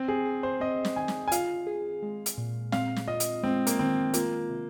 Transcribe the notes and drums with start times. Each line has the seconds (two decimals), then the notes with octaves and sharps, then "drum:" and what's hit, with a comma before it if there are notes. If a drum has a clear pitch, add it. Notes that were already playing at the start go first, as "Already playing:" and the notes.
Already playing: C4
0.08 G#4
0.25 G#4
0.43 C5
0.60 C4 D#5
0.85 drum: snare
0.96 D#3 G#5
1.08 drum: snare
1.28 G#5
1.32 F4 F5, drum: hi-hat
1.67 G#4
2.03 G#3
2.26 drum: hi-hat
2.38 A#2
2.72 C4 F5, drum: snare
2.96 drum: snare
3.08 F4 D#5
3.20 drum: hi-hat
3.43 G#3 C4
3.67 A#3, drum: hi-hat
3.79 D#3 C4
4.14 A#3 F4, drum: hi-hat
4.49 C3